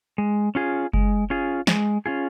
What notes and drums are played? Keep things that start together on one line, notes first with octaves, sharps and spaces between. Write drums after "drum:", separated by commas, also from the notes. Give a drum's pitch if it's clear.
G#3
C#4 F4 G#4
G#3, drum: kick F#1
C#4 F4 G#4
G#3, drum: snare
C#4 F4 G#4